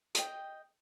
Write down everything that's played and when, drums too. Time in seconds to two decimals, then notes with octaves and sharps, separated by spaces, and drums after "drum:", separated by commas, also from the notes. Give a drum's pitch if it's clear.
0.15 D#5 G5, drum: hi-hat